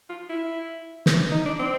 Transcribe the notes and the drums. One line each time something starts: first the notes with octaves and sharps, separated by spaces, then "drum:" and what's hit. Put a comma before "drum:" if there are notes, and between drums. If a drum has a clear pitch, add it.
F4
E4
drum: snare
D#4
D4
C4